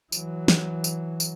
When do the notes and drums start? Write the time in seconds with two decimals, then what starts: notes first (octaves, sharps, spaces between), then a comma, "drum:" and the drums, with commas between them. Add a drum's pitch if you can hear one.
0.12 E3 F#3, drum: tambourine
0.48 drum: snare
0.84 drum: tambourine
1.20 drum: tambourine